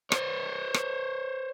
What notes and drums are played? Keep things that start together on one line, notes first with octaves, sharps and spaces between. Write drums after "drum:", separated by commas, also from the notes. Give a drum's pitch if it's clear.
C5 C#5, drum: rim click
drum: rim click